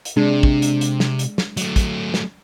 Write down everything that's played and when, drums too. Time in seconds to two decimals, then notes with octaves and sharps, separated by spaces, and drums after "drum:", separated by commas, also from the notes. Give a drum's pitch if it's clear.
0.05 drum: hi-hat
0.17 C3 G#3 D4
0.43 drum: kick
0.62 drum: hi-hat
0.81 drum: hi-hat
1.00 drum: snare
1.19 drum: hi-hat
1.38 drum: snare
1.57 F#3 A3, drum: hi-hat
1.76 drum: kick, hi-hat
2.14 drum: snare